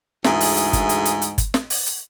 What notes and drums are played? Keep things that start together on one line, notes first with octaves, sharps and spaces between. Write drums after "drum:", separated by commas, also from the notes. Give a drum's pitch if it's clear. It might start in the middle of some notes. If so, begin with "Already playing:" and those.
D2 G#2 E3 E4 G#4, drum: snare
drum: open hi-hat
drum: hi-hat
drum: kick G1, hi-hat
drum: hi-hat
drum: hi-hat
drum: hi-hat
drum: kick G1, hi-hat
drum: snare
drum: open hi-hat
drum: hi-hat